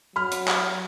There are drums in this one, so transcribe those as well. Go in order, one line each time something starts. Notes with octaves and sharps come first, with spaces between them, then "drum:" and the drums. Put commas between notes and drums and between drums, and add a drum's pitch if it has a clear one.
F#3 B5 F6
drum: hi-hat
drum: clap